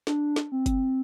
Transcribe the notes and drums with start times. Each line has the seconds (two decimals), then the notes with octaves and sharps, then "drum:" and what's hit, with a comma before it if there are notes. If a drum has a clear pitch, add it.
0.07 D4, drum: snare
0.36 drum: snare
0.52 C4
0.66 drum: kick, hi-hat